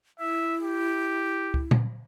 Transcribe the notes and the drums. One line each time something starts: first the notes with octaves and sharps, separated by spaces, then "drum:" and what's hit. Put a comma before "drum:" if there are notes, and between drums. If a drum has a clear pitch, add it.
E4 E5
G4
drum: kick C#2
drum: tom A#2